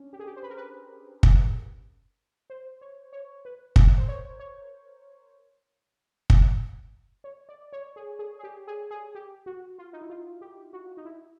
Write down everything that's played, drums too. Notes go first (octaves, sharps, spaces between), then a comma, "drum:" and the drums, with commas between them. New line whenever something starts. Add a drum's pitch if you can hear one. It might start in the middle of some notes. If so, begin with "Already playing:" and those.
Already playing: C#4 D4
G4
G#4
G4
C5
B4
A#4
B4
drum: kick
C5
C#5
C#5
B4
A#4, drum: kick
C5
C#5
C#5
drum: kick
C#5
D5
C#5
G#4
G#4
G#4
G4
G#4
G#4
G4
F#4
F4
D#4
E4
F4
G4
F#4
D#4
E4